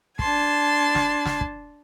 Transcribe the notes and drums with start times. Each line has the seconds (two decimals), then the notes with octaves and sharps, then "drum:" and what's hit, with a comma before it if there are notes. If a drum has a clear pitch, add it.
0.19 D4 A5 C6 G#6, drum: kick
0.95 drum: snare
1.26 drum: snare
1.41 drum: kick